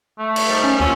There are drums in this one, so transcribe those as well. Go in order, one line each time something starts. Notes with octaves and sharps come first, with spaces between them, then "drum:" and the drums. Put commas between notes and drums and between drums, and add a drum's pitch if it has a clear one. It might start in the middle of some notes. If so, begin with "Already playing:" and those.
A3
drum: cymbal
D#3 F3 G3
C#4
D#2 A#3 C#4 F4 E6